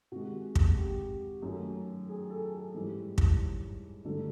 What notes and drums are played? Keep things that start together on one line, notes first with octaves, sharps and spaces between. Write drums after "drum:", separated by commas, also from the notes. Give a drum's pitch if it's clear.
C3 D#3 G#3 F#4
drum: kick
G4
F#2 D#3 F#3 A3
G#4
A4
A4
G#2 E3 G3
drum: kick
G2 D3 F#3 A3 A4